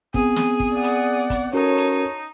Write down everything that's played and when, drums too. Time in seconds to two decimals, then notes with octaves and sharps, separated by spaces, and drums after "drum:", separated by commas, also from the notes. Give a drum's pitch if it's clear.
0.14 B3 C4 G#4, drum: kick
0.36 drum: snare
0.60 drum: kick
0.74 D5 F#5
0.83 drum: hi-hat
1.30 drum: kick, hi-hat
1.53 C#4 D#4 F#4 A4 A#4 C#5
1.77 drum: hi-hat